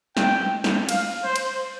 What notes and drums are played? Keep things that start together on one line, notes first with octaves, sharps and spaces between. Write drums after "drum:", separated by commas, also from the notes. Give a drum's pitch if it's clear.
G5, drum: snare
drum: snare
F5, drum: cymbal
C5
drum: cymbal